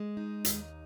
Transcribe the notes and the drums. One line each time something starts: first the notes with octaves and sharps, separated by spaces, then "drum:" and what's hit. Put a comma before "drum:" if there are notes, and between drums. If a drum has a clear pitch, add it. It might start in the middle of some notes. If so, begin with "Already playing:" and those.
Already playing: G#3
D#4
D#2, drum: hi-hat